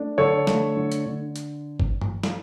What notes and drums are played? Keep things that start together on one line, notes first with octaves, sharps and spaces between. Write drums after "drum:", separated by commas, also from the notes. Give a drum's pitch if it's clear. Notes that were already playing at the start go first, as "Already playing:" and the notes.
Already playing: A3 D4
D3 A4 C#5
A3, drum: snare
D3
drum: hi-hat
D3
drum: hi-hat
drum: kick F#1
drum: tom G2
drum: snare